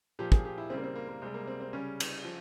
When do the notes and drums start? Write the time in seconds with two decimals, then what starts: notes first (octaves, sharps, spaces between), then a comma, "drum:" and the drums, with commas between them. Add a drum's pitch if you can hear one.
0.19 A#2 F3 G4
0.32 G#4, drum: kick
0.45 G4
0.58 E4
0.70 C#3 G3 C4
0.77 A#3
0.84 C4
0.95 A#3
1.09 A#3
1.22 C3 G3 G#3
1.34 A#3
1.47 C4
1.61 C4
1.73 C#3 G3 C#4
2.00 drum: cymbal
2.25 F3